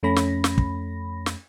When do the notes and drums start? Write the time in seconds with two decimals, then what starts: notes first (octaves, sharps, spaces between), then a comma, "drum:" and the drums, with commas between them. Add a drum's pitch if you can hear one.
0.03 F2 A3 C#4 B5 A#6
0.16 drum: snare
0.44 drum: snare
0.58 drum: kick
1.26 drum: snare